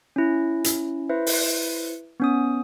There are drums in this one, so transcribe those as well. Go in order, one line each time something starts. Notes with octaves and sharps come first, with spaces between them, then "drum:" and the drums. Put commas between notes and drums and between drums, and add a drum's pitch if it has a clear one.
C#4 E4
drum: hi-hat
E4 B4 C5 E5
drum: open hi-hat
B3 C#4 D#6